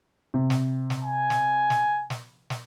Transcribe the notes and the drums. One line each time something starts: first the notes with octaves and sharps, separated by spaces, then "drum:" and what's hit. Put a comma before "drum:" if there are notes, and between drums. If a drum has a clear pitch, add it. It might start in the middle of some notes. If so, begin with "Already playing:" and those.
C3
drum: snare
drum: snare
G#5
drum: snare
drum: snare
drum: snare
drum: snare